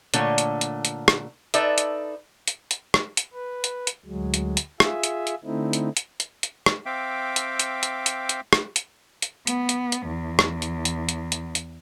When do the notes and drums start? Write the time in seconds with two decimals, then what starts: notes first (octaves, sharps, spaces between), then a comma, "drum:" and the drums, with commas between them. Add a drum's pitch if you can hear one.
0.14 A#2 D3 A3 C#5, drum: hi-hat
0.38 drum: hi-hat
0.61 drum: hi-hat
0.85 drum: hi-hat
1.08 drum: rim click
1.54 D#4 A4 B4 D5 E5, drum: hi-hat
1.78 drum: hi-hat
2.47 drum: hi-hat
2.71 drum: hi-hat
2.94 drum: rim click
3.17 drum: hi-hat
3.33 B4
3.64 drum: hi-hat
3.87 drum: hi-hat
4.06 D2 F#3 G#3
4.34 drum: hi-hat
4.57 drum: hi-hat
4.80 F4 G#4 E5, drum: rim click
5.03 drum: hi-hat
5.27 drum: hi-hat
5.44 D3 A3 C4 D#4 E4
5.73 drum: hi-hat
5.97 drum: hi-hat
6.20 drum: hi-hat
6.43 drum: hi-hat
6.66 drum: rim click
6.86 C4 E5 F5 G5 D6
7.36 drum: hi-hat
7.59 drum: hi-hat
7.83 drum: hi-hat
8.06 drum: hi-hat
8.29 drum: hi-hat
8.53 drum: rim click
8.76 drum: hi-hat
9.22 drum: hi-hat
9.47 B3, drum: hi-hat
9.69 drum: hi-hat
9.92 drum: hi-hat
10.08 E2
10.39 drum: rim click
10.62 drum: hi-hat
10.85 drum: hi-hat
11.09 drum: hi-hat
11.32 drum: hi-hat
11.55 drum: hi-hat